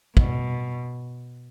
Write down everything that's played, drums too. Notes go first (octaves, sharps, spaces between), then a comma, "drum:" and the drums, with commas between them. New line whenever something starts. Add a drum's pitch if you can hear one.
B2, drum: kick